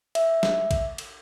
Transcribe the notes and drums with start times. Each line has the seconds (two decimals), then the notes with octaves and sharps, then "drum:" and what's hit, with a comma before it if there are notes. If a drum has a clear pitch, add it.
0.15 E5, drum: cymbal
0.43 drum: snare
0.71 drum: kick A#1, cymbal
0.98 drum: cymbal